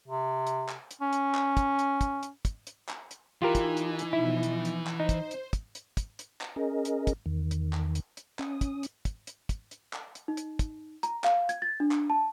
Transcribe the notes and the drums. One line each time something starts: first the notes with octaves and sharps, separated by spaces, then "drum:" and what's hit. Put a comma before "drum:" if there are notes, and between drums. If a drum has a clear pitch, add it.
C3
drum: hi-hat
drum: clap
drum: hi-hat
C#4
drum: hi-hat
drum: clap
drum: kick, hi-hat
drum: hi-hat
drum: kick, hi-hat
drum: hi-hat
drum: kick, hi-hat
drum: hi-hat
drum: clap
drum: hi-hat
E3 D#4 F4 G4 A#4 G#5
drum: kick, hi-hat
drum: hi-hat
drum: hi-hat
B2 F3 D#4 E4
drum: hi-hat
drum: hi-hat
drum: clap
D#4 C5
drum: kick, hi-hat
drum: hi-hat
drum: kick, hi-hat
drum: hi-hat
drum: kick, hi-hat
drum: hi-hat
drum: clap
C#4 G#4 A#4 D#5
drum: hi-hat
drum: kick, hi-hat
E2 D#3
drum: hi-hat
drum: clap
drum: hi-hat
drum: hi-hat
C#4 D#6, drum: clap
drum: kick, hi-hat
drum: hi-hat
drum: kick, hi-hat
drum: hi-hat
drum: kick, hi-hat
drum: hi-hat
drum: clap
drum: hi-hat
D#4
drum: hi-hat
drum: kick, hi-hat
A#5, drum: hi-hat
F5, drum: clap
G#6, drum: hi-hat
A6
D4
drum: clap
A5